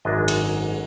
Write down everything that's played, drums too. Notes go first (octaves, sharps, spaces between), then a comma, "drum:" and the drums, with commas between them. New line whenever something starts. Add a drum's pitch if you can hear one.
G#1 F#2 G#3 D4 D#5
drum: cymbal